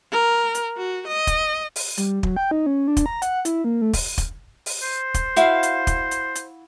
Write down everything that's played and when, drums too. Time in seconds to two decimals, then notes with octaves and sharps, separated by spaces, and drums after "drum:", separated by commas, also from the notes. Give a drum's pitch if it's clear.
0.11 A#4
0.55 drum: hi-hat
0.77 F#4
1.07 D#5
1.27 drum: kick, hi-hat
1.76 drum: open hi-hat
1.97 G3, drum: hi-hat
2.23 F#3, drum: kick
2.36 G5
2.51 D#4
2.66 C#4
2.88 D4
2.97 drum: kick, hi-hat
3.06 A#5
3.22 F#5, drum: hi-hat
3.45 E4, drum: hi-hat
3.64 A#3
3.82 A3
3.93 drum: kick, open hi-hat
4.18 drum: kick, hi-hat
4.66 drum: open hi-hat
4.83 C5
5.14 drum: kick, hi-hat
5.36 E4 F#4 F5, drum: hi-hat
5.63 drum: hi-hat
5.87 drum: kick, hi-hat
6.11 drum: hi-hat
6.35 drum: hi-hat